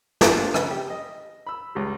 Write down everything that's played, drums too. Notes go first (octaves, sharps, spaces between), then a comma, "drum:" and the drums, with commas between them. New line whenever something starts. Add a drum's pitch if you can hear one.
F3 A3 D4 F4 G4 A4, drum: snare
C#3 B4 E5, drum: rim click
G4
D#5
B5 E6
C#2 G3